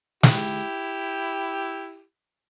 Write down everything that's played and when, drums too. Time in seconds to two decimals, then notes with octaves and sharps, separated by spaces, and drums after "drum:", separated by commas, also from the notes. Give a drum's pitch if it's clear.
0.23 E4 G4, drum: snare